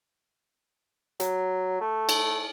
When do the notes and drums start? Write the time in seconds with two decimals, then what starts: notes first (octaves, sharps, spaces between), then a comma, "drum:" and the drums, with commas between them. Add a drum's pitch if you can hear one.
1.20 F#3, drum: hi-hat
1.81 A3
2.09 drum: cymbal